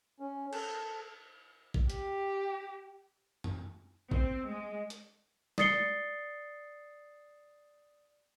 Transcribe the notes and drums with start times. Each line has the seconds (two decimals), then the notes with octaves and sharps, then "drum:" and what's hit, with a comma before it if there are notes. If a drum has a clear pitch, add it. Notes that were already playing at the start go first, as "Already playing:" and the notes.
0.20 C#4
0.53 A4, drum: cymbal
1.74 drum: kick
1.90 G4, drum: hi-hat
3.44 drum: tom
4.11 C4, drum: kick
4.48 G#3
4.90 drum: hi-hat
5.58 D5 D#6 A6 C7 C#7 G7, drum: snare